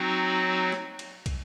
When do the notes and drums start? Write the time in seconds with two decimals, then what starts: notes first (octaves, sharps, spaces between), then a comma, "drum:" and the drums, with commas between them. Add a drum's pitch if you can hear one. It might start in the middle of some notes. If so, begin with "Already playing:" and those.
Already playing: F#3 C4 D#4 F#4
0.72 drum: snare
0.99 drum: cymbal
1.26 drum: kick, cymbal